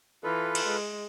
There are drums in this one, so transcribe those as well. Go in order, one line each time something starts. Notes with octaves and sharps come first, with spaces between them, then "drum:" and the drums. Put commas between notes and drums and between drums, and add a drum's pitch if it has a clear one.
E3 F4 A4 B4
drum: cymbal
G#3